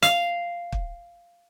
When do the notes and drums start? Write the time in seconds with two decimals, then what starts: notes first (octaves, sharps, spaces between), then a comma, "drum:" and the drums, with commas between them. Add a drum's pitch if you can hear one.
0.02 F5, drum: hi-hat
0.72 drum: kick